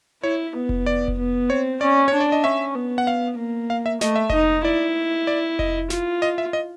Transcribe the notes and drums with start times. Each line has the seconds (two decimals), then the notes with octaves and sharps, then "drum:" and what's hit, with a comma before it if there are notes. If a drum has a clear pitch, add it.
0.23 E4 C#5
0.55 B3
0.69 drum: kick F1
0.86 D5
1.08 drum: kick F1
1.18 B3
1.49 C4 C#5
1.81 C#4 D5
2.08 C#5
2.13 D4
2.20 D5
2.32 D#5
2.44 C#4 E5
2.75 B3
2.98 F#5
3.07 F5
3.38 A#3
3.70 F5
3.86 E5
4.01 A3 D#5, drum: snare
4.16 E5
4.30 D#4 D#5, drum: kick F1
4.65 E4 D5
5.27 D5
5.59 D#5, drum: kick F1
5.90 F4, drum: snare
6.22 D#5
6.38 E5
6.53 D#5